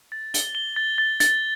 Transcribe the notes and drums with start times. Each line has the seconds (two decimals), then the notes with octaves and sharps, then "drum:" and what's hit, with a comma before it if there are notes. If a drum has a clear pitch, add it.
0.12 A6
0.34 G7, drum: hi-hat
0.55 G7
0.76 A6
0.98 A6
1.20 A6, drum: hi-hat